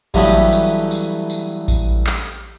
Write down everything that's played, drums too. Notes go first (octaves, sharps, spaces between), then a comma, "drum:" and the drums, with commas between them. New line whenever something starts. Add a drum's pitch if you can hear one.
G2 E3 F#3 A3 B3 G4, drum: kick A1, tambourine
drum: tambourine
drum: tambourine
drum: tambourine
drum: kick A1, tambourine
drum: clap